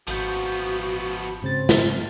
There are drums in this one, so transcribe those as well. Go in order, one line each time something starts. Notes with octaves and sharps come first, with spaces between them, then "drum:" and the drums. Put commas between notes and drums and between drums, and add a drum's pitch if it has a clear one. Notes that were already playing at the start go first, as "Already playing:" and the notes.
G#1 F3 B3 F#4 G6, drum: hi-hat
G#2 C#3 C4 A6
drum: snare